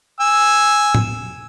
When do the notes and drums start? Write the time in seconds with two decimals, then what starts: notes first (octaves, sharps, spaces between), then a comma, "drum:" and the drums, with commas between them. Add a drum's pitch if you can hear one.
0.20 G#5 E6
0.95 drum: tom A2